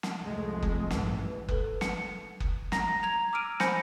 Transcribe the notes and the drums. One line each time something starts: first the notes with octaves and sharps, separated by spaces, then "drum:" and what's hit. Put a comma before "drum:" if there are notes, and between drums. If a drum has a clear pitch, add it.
drum: snare
C2 F2 G#3 A3
drum: kick F#1
A1 G2 E3, drum: snare
A4 B4, drum: kick F#1
C#7, drum: snare
drum: kick F#1
A#5 A#6, drum: snare
A#5 G#6 F7
D6 E6 F6 D7 D#7
C5 G#5 B5 G6 A#6 C#7, drum: snare